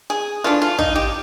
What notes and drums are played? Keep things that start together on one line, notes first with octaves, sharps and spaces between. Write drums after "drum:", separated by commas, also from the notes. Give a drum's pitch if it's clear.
G#4
E3 A3 D4 F4
F4
D#4, drum: kick
G4